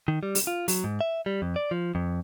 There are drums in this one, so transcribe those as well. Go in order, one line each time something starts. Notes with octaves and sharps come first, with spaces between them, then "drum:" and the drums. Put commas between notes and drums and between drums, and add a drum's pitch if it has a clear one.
D#3
G3
drum: open hi-hat
F4
F#3, drum: open hi-hat
G#2
E5
G3
F2
D5
F3
F2